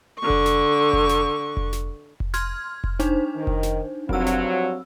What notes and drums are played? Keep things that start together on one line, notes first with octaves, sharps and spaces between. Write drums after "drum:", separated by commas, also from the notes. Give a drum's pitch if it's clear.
D3 C#6
drum: kick F1
drum: snare
drum: kick F1
drum: snare
drum: kick F1
drum: snare
drum: kick F1
C6 F6 G#6, drum: snare
drum: kick F1
D4 D#4 C5, drum: snare
D#3
drum: kick F1
drum: snare
G2 F3 F#3 C4 E6, drum: kick F1
drum: snare